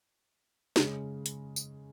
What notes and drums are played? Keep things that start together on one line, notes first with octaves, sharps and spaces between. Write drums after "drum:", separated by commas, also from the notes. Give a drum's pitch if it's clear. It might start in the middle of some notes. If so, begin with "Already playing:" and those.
C#3 G#3 C#4, drum: snare
drum: hi-hat
drum: tambourine